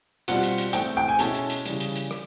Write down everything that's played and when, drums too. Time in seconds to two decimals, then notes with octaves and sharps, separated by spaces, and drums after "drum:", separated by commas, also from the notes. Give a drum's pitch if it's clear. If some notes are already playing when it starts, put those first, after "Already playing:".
0.28 B2 G3 C4 F4 F#5, drum: hi-hat
0.43 drum: hi-hat
0.58 drum: hi-hat
0.73 G#2 E3 A3 C4 G5, drum: hi-hat
0.97 G5
1.08 G#5
1.19 B2 G#3 C#4 E4 A4 A5, drum: hi-hat
1.35 drum: hi-hat
1.50 drum: hi-hat
1.65 C#3 E3 G3, drum: hi-hat
1.80 drum: hi-hat
1.96 drum: hi-hat
2.11 drum: rim click